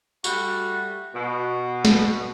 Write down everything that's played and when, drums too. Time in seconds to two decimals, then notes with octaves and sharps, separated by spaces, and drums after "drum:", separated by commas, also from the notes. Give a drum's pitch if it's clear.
0.24 G3 A3 F#4, drum: tambourine
1.14 B2
1.85 drum: snare